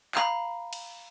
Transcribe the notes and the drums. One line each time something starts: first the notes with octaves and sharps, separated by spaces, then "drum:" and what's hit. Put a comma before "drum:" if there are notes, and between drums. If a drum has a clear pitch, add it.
F5 A#5 B5, drum: clap
drum: cymbal